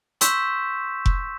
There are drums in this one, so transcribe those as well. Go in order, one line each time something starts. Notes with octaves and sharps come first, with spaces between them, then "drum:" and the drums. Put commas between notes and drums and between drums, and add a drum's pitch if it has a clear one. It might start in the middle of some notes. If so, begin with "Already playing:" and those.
C6 C#6 E6 G6 B6 E7, drum: hi-hat
drum: kick F1